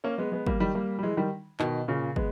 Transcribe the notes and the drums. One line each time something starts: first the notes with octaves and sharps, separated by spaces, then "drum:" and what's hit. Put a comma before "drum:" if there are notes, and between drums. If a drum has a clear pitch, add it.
A#3 C#4
G#3 B3
G#3 B3
G3 A#3, drum: kick
D#3 G3
G3 A#3
G3
E3 G#3
D#3 G3
B2 D#3, drum: clap
A#2 C#3
G#3 B3, drum: kick